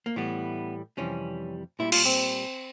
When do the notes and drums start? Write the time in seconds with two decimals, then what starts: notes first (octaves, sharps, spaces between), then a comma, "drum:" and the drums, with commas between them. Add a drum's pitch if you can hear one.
0.06 A#3
0.16 A2 E3 G3 B3
0.97 F2 C3 E3 G3 C#4
1.79 A#2 G3 E4
1.92 F4, drum: cymbal
2.05 C4